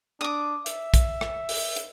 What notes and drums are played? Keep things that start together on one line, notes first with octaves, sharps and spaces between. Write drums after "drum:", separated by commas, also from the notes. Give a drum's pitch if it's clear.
D4 D6 D#6
E5, drum: hi-hat
drum: kick, hi-hat
drum: rim click
drum: open hi-hat
drum: hi-hat